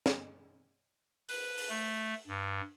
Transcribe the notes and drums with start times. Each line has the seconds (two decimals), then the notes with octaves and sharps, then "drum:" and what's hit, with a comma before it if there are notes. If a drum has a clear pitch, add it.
0.06 drum: snare
1.29 B4, drum: open hi-hat
1.58 drum: open hi-hat
1.69 A3
2.28 G2